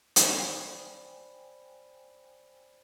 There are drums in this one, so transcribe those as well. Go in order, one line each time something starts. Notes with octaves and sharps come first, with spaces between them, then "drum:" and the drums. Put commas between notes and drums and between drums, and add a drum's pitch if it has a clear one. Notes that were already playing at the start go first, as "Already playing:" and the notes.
C5 D5 G5 G#5 B5, drum: hi-hat